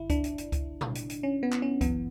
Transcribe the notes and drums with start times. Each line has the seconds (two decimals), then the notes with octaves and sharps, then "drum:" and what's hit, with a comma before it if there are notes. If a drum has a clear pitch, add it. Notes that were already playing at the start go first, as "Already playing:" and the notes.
Already playing: G1 F#2 D3 E4
0.10 D4, drum: kick C#2, hi-hat
0.24 drum: hi-hat
0.38 drum: hi-hat
0.52 drum: kick C#2, hi-hat
0.81 drum: tom A#2
0.95 drum: hi-hat
1.10 drum: hi-hat
1.23 C#4
1.43 B3
1.52 drum: clap
1.62 C#4
1.81 G1 F#2 E3 B3, drum: kick C#2, hi-hat